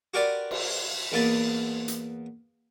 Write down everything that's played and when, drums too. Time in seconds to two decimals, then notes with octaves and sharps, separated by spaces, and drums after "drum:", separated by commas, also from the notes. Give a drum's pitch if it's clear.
0.14 F#4 G4 A#4 B4 D5 C6
0.51 drum: cymbal
1.12 E2 A#3 B3 A5 B5
1.88 drum: hi-hat